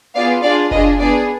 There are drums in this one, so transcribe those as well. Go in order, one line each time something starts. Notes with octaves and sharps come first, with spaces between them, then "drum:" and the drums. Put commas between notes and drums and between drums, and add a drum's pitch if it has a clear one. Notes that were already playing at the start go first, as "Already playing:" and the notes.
B3 F4 G#4 D5 F5
D4 F4 G#4 D5 F5
D4 F4 G#4 B4 D#5, drum: kick F#1
B3 D4 G#4 D5